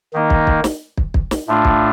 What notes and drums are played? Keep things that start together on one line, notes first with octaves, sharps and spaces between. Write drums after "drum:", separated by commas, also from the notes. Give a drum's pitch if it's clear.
D#3 A#3 D#4
drum: kick
drum: kick
drum: snare
drum: kick
drum: kick
drum: snare
A2 A3 D4 F4
drum: kick